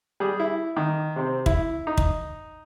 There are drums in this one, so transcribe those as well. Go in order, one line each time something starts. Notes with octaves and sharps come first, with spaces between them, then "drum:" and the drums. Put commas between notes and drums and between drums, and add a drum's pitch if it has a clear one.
G3 G#4
E4
D#3
C3 C4
E4, drum: kick
D#4
drum: kick